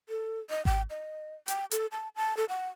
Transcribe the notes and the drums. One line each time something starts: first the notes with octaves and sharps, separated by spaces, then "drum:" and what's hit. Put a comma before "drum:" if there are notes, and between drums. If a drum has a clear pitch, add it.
A4
D#5
G5, drum: kick G#1
D#5
G5, drum: hi-hat
A4, drum: hi-hat
A5
A5
A4
F#5